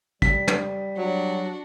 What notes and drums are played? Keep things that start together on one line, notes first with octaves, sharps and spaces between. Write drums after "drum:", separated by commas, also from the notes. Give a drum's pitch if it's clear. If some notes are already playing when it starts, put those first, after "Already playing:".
G3 B6, drum: kick
drum: tom
F#3 D4 F#4